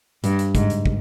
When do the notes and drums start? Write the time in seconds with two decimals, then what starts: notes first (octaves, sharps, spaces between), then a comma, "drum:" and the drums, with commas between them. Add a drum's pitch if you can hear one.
0.24 G2, drum: hi-hat
0.39 drum: hi-hat
0.55 G#2, drum: kick, hi-hat
0.70 drum: hi-hat
0.86 drum: kick